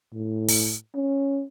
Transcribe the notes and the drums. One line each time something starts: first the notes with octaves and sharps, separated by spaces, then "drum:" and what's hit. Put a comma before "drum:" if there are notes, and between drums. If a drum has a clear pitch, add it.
A2
drum: open hi-hat
C#4